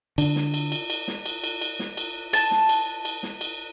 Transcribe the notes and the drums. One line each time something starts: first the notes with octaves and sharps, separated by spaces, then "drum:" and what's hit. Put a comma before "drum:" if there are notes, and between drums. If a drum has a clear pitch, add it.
D3, drum: cymbal
drum: snare
drum: cymbal
drum: cymbal
drum: cymbal
drum: snare
drum: cymbal
drum: cymbal
drum: cymbal
drum: snare
drum: cymbal
A5, drum: cymbal
drum: snare
drum: cymbal
drum: cymbal
drum: snare
drum: cymbal